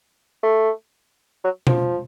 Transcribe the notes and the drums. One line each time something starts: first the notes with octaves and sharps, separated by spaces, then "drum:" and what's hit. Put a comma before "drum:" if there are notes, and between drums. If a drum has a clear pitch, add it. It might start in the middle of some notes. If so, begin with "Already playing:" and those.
A3
F#3
F3, drum: tom B2